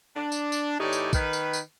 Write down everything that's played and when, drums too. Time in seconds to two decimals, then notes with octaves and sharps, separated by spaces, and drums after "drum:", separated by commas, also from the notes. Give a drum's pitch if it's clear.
0.16 D4
0.32 drum: tambourine
0.52 drum: tambourine
0.79 A2 E3 D#4 G4 C#5 D5
0.93 drum: tambourine
1.13 D#3 B4, drum: kick, tambourine
1.33 drum: tambourine
1.53 drum: tambourine